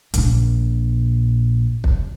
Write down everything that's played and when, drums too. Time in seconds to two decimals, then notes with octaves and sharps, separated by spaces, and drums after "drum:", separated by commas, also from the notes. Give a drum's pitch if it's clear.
0.14 A#1 A#2, drum: hi-hat
1.84 drum: kick